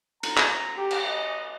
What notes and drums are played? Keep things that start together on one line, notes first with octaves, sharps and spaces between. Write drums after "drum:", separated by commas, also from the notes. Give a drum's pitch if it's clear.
A#5, drum: cymbal
drum: clap
G4
drum: cymbal
D#5